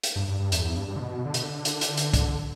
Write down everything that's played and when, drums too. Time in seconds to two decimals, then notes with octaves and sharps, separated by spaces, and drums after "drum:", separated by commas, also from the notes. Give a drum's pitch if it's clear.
0.03 drum: hi-hat
0.16 G2
0.28 G2
0.40 G2
0.52 E2, drum: hi-hat
0.65 E2
0.76 G2
0.88 G2
0.96 D3
1.00 B2
1.25 D3
1.34 B2, drum: hi-hat
1.43 D3
1.65 drum: hi-hat
1.81 drum: hi-hat
1.97 drum: hi-hat
2.14 drum: kick, hi-hat